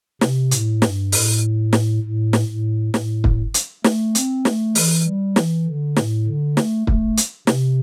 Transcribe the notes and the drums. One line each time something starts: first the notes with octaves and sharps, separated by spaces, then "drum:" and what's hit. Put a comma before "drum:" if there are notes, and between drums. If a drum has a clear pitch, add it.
C3, drum: snare
A2, drum: hi-hat
G2, drum: snare
A2, drum: open hi-hat
drum: snare
A2
drum: snare
A2
A2, drum: snare
drum: kick
drum: hi-hat
A3, drum: snare
C4, drum: hi-hat
A3, drum: snare
E3, drum: open hi-hat
G3
E3, drum: snare
D3
A2, drum: snare
D3
A3, drum: snare
A3, drum: kick
drum: hi-hat
C3, drum: snare